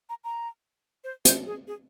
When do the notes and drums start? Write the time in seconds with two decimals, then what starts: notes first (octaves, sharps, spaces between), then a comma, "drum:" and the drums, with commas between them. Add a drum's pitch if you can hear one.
0.09 A#5
0.24 A#5
1.04 C5
1.25 C5, drum: hi-hat
1.46 G#4
1.67 G#4